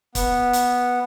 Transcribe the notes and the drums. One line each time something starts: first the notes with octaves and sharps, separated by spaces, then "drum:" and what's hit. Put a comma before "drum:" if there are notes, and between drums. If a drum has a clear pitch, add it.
B3, drum: kick C#1, hi-hat
drum: hi-hat